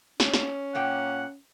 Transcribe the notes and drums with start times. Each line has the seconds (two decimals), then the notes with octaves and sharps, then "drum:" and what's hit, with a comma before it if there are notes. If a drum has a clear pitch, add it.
0.20 C#4, drum: snare
0.34 drum: snare
0.75 A#2 A#3 F#5 G5